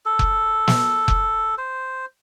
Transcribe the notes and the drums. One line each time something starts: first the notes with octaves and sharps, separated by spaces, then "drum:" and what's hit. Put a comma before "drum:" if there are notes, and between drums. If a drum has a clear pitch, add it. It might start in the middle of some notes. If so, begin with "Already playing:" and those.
A4
drum: kick F1
drum: snare
drum: kick F1
C5